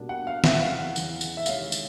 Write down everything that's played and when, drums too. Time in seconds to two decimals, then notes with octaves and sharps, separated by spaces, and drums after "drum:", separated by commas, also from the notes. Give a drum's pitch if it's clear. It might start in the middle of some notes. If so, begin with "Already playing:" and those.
Already playing: B2 G3 A#3 D4
0.09 F#5
0.27 F5
0.44 E2 C#3 E3 E5, drum: snare
0.55 F#5
0.61 F5
0.79 F#5
0.96 E2 C#3 E3, drum: tambourine
1.21 drum: tambourine
1.37 E5
1.46 C3 D#3 G#3 C#4 E4 F5, drum: tambourine
1.72 drum: tambourine